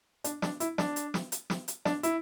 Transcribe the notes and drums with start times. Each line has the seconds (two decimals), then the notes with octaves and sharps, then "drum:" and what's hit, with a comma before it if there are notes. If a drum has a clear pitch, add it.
0.24 D4, drum: hi-hat
0.42 D4, drum: snare
0.60 E4, drum: hi-hat
0.78 D4, drum: snare
0.96 drum: hi-hat
1.14 drum: snare
1.32 drum: hi-hat
1.50 drum: snare
1.68 drum: hi-hat
1.85 D4, drum: snare
2.03 E4, drum: hi-hat